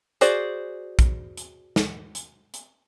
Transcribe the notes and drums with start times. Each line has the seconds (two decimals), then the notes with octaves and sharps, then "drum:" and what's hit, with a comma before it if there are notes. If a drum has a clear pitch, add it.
0.21 F#4 G#4 C5 D5, drum: hi-hat
0.99 drum: kick A#1, hi-hat
1.37 drum: hi-hat
1.76 drum: snare
2.15 drum: hi-hat
2.54 drum: hi-hat